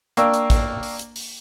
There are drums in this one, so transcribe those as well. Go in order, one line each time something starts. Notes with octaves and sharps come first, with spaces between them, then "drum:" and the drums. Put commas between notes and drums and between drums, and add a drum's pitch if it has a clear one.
A#3 D4 G5 C#6 E6, drum: hi-hat
drum: hi-hat
drum: kick, hi-hat
drum: open hi-hat
drum: hi-hat
drum: open hi-hat